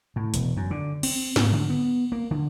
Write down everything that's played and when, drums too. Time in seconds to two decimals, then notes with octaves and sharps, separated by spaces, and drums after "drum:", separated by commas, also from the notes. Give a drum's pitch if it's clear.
0.16 A2
0.34 E1, drum: hi-hat
0.57 F#2
0.71 D3
1.03 C4, drum: cymbal
1.36 G#2, drum: snare
1.53 D3
1.70 B3
2.12 A#3
2.31 D3